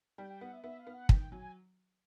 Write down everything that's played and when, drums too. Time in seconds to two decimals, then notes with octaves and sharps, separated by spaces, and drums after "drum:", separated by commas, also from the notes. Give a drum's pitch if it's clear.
0.18 G3 G5
0.30 G5
0.41 B3 F#5
0.52 E5
0.63 B3 E5
0.79 F5
0.87 B3
0.94 F#5
1.09 D#3 G5, drum: kick
1.32 F#3 G#5